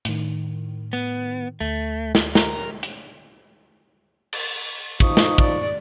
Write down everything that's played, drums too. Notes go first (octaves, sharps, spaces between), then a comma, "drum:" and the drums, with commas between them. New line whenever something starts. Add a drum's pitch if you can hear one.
A2 D#3, drum: hi-hat
B3
D2 A3
drum: snare
A#4, drum: snare
drum: hi-hat
drum: cymbal
F3 D#4 C#6 D#6, drum: kick
drum: snare
D5, drum: kick